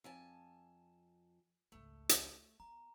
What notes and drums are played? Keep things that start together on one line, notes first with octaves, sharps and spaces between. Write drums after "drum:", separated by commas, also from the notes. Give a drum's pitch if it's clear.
F2 G#5 A5
G#1 C#2 A3
drum: hi-hat
B3 A#5